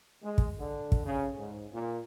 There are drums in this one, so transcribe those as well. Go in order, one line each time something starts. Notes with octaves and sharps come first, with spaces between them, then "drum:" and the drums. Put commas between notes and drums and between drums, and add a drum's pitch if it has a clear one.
G#3
drum: kick
D3
drum: kick
C#3
G#2
A#2